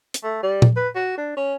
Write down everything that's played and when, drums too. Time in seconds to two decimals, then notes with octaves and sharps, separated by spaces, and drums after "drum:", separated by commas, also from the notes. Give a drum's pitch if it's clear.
0.14 drum: hi-hat
0.23 A3
0.43 G3
0.62 drum: tom A#2
0.76 B4
0.95 F#4
1.17 D4
1.37 C#4